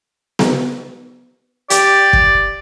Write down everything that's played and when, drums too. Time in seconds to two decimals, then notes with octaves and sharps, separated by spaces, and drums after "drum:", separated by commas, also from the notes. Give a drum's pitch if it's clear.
0.39 drum: snare B3
1.70 G4 D5, drum: hi-hat
2.13 drum: kick